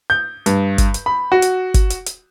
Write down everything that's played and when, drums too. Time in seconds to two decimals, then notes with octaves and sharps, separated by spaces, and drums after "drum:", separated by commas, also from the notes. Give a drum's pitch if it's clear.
0.10 G6
0.46 G2, drum: hi-hat
0.78 drum: kick G1, hi-hat
0.94 drum: hi-hat
1.06 B5
1.32 F#4
1.42 drum: hi-hat
1.74 drum: kick G1, hi-hat
1.90 drum: hi-hat
2.06 drum: hi-hat